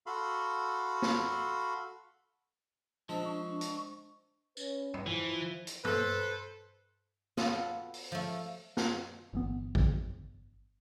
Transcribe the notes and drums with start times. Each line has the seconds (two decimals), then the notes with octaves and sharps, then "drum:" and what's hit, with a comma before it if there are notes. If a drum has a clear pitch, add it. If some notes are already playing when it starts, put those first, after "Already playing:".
0.06 F#4 A4 F5 B5 C6
1.02 drum: snare
3.09 F3 G#3 C4 D4 A5
3.25 D4 C#6
3.51 D4
3.61 drum: hi-hat
4.57 C#4 B4, drum: tambourine
4.94 drum: tom
5.07 E3 F3 E4
5.67 drum: hi-hat
5.84 A4 B4 C5, drum: tom G2
7.37 B3 F4 F#4 A4 F5 A5, drum: snare
7.94 drum: open hi-hat
8.12 F3 A3
8.77 drum: snare
9.33 G1 E3 B3
9.75 drum: kick A1